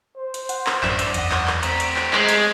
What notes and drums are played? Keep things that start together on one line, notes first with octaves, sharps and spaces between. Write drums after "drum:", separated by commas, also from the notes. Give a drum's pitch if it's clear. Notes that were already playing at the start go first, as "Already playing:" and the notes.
C5
drum: hi-hat
F#5, drum: hi-hat
drum: clap
A1 F#2 D4 D5 E5, drum: clap
drum: hi-hat
E2 D#5 F#5, drum: hi-hat
drum: clap
drum: clap
A3 C4 G4 A#5 A#6, drum: hi-hat
drum: hi-hat
drum: clap
G#3, drum: clap
drum: hi-hat